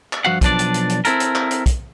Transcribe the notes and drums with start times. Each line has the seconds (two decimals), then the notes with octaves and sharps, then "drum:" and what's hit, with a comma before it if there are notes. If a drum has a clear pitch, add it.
0.13 drum: clap
0.25 G2 F3 F#4 F5 F#5
0.41 B1 F3 D4 D5, drum: kick, hi-hat
0.59 drum: hi-hat
0.74 drum: hi-hat
0.89 drum: hi-hat
1.05 C4 E4 A4 A#4, drum: hi-hat
1.20 drum: hi-hat
1.35 drum: clap
1.51 drum: hi-hat
1.66 drum: kick, hi-hat